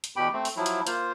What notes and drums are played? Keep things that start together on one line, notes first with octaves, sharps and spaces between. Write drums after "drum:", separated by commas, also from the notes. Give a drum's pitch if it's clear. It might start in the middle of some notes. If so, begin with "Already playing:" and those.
drum: hi-hat
E2 B2 G4 G5 B5
A3 C4
drum: open hi-hat
F3 F#3 E4
drum: hi-hat
A#3 F4 C5, drum: hi-hat